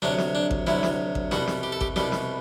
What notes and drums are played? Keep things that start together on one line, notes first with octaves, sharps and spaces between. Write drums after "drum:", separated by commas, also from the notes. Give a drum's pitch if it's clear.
D2 C3 F#3 D4, drum: snare
drum: snare
D4
drum: kick A1
D2 C3 F#3 E4, drum: snare
drum: snare
drum: kick A1
C2 B2 G3 F#4, drum: snare
drum: snare
G4
A4
G4, drum: kick A1
C2 B2 G3 G4, drum: snare
drum: snare